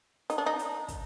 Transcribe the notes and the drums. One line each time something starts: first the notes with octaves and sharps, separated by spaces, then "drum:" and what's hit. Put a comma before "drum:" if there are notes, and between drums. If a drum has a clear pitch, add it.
D#4, drum: hi-hat
D4
D#4
drum: hi-hat
drum: kick, hi-hat